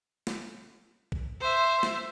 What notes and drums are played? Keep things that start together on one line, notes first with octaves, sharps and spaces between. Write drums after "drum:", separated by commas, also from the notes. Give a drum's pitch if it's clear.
drum: snare
drum: kick
C5 E5
drum: snare